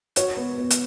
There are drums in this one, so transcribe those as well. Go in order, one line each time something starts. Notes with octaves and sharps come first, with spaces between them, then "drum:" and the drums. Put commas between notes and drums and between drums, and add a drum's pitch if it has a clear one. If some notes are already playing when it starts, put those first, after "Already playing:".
F#4 C#5, drum: hi-hat
B3
B3
drum: hi-hat